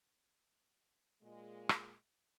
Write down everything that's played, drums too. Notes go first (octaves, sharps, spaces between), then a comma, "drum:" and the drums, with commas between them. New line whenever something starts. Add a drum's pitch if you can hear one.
A#2 G#3
drum: rim click